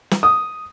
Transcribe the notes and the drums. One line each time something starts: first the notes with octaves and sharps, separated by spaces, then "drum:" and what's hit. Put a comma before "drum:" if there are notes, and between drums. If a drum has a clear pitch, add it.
drum: snare
D#6